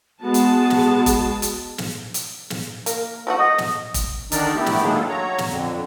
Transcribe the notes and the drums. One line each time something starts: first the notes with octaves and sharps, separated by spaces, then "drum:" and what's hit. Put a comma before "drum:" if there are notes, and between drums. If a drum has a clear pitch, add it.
G#3 B3 F#4 G#4 A5
drum: hi-hat
drum: snare
drum: kick F1, hi-hat
drum: hi-hat
drum: snare
drum: hi-hat
drum: snare
A#3, drum: hi-hat
F#3 A3 F#4
D#5
drum: snare
drum: kick F1, hi-hat
D3 D#3 D4 D#4 A#4 D5, drum: hi-hat
A3 B3 E4 G4
drum: snare
D#3 F#3 G#3 A#3 D4 G#4
F4 A4
F#3 C#5 A#5
drum: snare
F2 D3